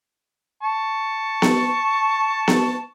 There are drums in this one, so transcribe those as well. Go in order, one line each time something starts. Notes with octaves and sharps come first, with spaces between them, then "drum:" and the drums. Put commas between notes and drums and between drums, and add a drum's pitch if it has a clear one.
A5 C#6
drum: snare B3
drum: snare B3